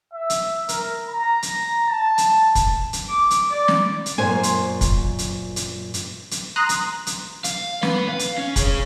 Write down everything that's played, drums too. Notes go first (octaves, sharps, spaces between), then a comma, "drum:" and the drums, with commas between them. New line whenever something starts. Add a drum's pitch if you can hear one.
E5
drum: hi-hat
A#4, drum: hi-hat
A#5
drum: hi-hat
A5
drum: hi-hat
drum: kick, hi-hat
drum: hi-hat
D6
drum: hi-hat
D5
drum: snare
drum: hi-hat
F#2 A#2 C5 G#5
drum: hi-hat
drum: kick, hi-hat
drum: hi-hat
drum: hi-hat
drum: hi-hat
drum: hi-hat
A#5 C6 D#6 F#6
drum: hi-hat
drum: hi-hat
F5, drum: hi-hat
B3 B4, drum: snare
F5
drum: hi-hat
C#4
G#4 C#5, drum: kick, hi-hat